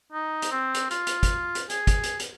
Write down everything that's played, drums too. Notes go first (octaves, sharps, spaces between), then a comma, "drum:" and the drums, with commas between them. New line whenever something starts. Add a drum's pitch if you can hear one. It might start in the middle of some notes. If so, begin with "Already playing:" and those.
D#4
drum: hi-hat
C4
drum: hi-hat
F4, drum: hi-hat
drum: hi-hat
drum: kick, hi-hat
drum: hi-hat
G#4, drum: hi-hat
drum: kick, hi-hat
drum: hi-hat
drum: hi-hat